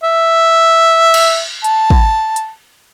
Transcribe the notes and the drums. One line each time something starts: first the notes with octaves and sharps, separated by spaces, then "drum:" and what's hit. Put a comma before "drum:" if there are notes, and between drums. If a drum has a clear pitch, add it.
E5
drum: cymbal
A5, drum: hi-hat
drum: kick
drum: hi-hat